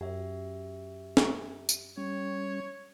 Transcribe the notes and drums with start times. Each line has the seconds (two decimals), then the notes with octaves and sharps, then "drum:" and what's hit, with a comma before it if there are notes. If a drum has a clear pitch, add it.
0.01 F#2 G4 E5
1.17 drum: snare
1.69 drum: tambourine
1.97 G3 C#4 C#5